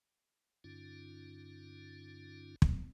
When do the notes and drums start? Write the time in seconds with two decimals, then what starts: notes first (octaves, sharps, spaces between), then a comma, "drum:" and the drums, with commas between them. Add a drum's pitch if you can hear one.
0.64 G2 D3 C#4 D#4 F4
2.62 drum: kick